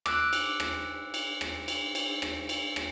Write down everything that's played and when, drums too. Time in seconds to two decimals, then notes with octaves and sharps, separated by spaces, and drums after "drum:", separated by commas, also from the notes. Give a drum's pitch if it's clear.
0.06 D6 E6 F#6, drum: rim click
0.33 drum: cymbal
0.60 drum: rim click
1.14 drum: cymbal
1.41 drum: rim click
1.68 drum: cymbal
1.95 drum: cymbal
2.22 drum: rim click
2.49 drum: cymbal
2.76 drum: rim click